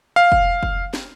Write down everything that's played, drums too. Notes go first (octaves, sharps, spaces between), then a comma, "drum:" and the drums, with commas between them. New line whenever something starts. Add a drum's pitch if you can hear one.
F5
drum: kick F1
drum: kick F1
drum: snare